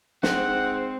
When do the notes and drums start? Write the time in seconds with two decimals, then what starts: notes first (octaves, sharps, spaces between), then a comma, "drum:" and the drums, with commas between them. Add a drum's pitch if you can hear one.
0.23 G#2 C4 F#5, drum: snare